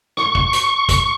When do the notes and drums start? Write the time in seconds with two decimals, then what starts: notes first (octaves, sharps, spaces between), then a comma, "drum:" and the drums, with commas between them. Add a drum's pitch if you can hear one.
0.17 C#6, drum: rim click
0.35 drum: kick
0.53 drum: hi-hat
0.89 drum: kick, hi-hat